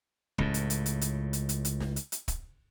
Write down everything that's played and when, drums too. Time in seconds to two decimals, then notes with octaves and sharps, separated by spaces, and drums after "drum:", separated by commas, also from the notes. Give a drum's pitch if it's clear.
0.38 C#2 A2, drum: kick
0.54 drum: hi-hat
0.70 drum: hi-hat
0.86 drum: hi-hat
1.01 drum: hi-hat
1.33 drum: hi-hat
1.49 drum: hi-hat
1.65 drum: hi-hat
1.80 drum: snare
1.96 drum: hi-hat
2.12 drum: hi-hat
2.28 drum: kick, hi-hat